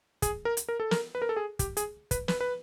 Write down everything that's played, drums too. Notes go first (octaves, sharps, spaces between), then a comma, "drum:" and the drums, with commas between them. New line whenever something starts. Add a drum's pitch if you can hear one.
G#4, drum: kick, hi-hat
A#4
drum: hi-hat
A#4
A4
A#4, drum: snare
B4
A#4
A4
G#4
G4, drum: kick, hi-hat
G#4, drum: hi-hat
B4, drum: kick, hi-hat
B4, drum: snare
B4